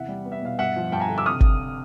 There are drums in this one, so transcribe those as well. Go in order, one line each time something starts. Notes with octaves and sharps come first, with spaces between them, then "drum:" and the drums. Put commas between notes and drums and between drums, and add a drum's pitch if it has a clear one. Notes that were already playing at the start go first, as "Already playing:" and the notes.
Already playing: E2 C3 E5 F#5
G3
B3
E5
B2 F5
G2 E5 F#5
F3
G2 G5 A5
G#5 A#5
D3
D6 E6
C3 D#6 F6
drum: kick G1